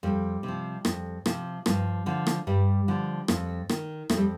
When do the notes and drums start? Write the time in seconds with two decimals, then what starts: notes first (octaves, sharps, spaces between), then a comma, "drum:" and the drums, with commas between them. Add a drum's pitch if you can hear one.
0.03 F2 G3
0.43 C3
0.48 F3
0.85 F2, drum: rim click
1.26 C3 F3, drum: rim click
1.66 G2 F3, drum: rim click
2.06 D3 F3
2.27 drum: rim click
2.47 G2 G3
2.88 D3 F3
3.28 F2, drum: rim click
3.69 D#3, drum: rim click
4.09 F2 A3, drum: rim click
4.17 G3